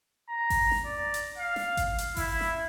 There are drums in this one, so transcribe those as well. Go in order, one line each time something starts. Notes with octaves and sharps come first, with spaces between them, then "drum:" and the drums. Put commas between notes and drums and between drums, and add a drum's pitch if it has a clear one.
A#5
drum: kick G#1, open hi-hat
drum: snare
D5
drum: hi-hat
F5
drum: snare
drum: kick G#1, hi-hat
drum: hi-hat
E4, drum: kick G#1, open hi-hat
drum: snare